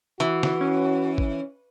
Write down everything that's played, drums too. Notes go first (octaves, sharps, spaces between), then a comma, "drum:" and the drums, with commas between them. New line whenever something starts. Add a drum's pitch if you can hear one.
E3 F#4, drum: hi-hat
drum: snare
C#4
drum: kick